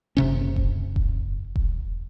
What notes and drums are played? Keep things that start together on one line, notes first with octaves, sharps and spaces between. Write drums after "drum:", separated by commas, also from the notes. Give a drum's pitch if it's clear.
F#1 C3 C#4
drum: kick E1
drum: kick E1
drum: kick E1